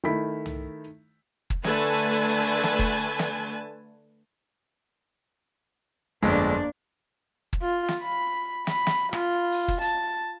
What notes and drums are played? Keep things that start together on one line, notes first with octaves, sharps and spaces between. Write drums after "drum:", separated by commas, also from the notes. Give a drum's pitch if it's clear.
D#3 A3 E4 B5 B6
drum: tom C2
drum: kick
D3 A3 B4 G#5 A5, drum: snare
drum: snare
drum: kick
drum: snare
G1 F2 G#3 A#3 D4, drum: hi-hat
drum: kick
F4
drum: snare
B5
B5, drum: snare
drum: snare
F4, drum: rim click
drum: open hi-hat
drum: kick
A5, drum: hi-hat